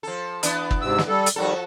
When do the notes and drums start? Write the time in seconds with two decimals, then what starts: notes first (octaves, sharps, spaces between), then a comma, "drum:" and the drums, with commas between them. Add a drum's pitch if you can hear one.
0.03 F3 A4
0.43 E3 B3 D4, drum: hi-hat
0.71 drum: kick
0.82 G#2 C3 E6
0.98 drum: snare
1.08 G3 A4
1.26 drum: hi-hat
1.36 D#3 F3 G3 F#4 A4